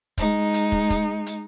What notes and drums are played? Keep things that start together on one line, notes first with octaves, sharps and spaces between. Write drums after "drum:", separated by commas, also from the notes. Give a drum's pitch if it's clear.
G#3 D#4, drum: kick, hi-hat
drum: hi-hat
drum: kick
drum: kick, hi-hat
drum: hi-hat